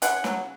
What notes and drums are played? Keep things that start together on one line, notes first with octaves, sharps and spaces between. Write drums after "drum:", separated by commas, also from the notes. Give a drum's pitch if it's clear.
C#3 F#5, drum: hi-hat
F#3, drum: snare